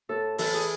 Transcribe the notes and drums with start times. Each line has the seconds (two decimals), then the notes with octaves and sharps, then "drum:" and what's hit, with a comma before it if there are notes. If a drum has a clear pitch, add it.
0.09 A2 A4
0.38 E3 A4, drum: open hi-hat
0.54 G#4